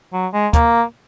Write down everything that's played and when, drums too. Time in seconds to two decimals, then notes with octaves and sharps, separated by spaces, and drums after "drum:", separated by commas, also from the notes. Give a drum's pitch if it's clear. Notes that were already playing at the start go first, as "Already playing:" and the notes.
0.13 F#3
0.33 G#3
0.53 A#3, drum: kick, hi-hat